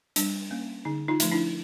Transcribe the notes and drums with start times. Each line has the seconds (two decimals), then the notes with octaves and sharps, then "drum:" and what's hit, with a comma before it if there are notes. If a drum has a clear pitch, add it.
0.16 G3 D4, drum: hi-hat
0.51 A#3 C#4
0.85 D3 D#4
1.08 D#4 F4
1.20 F3 A3, drum: hi-hat
1.31 D4 E4